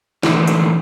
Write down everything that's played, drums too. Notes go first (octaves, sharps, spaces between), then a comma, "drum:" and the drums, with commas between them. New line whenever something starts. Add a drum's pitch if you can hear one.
A#2 D3 E3 A3, drum: snare
drum: hi-hat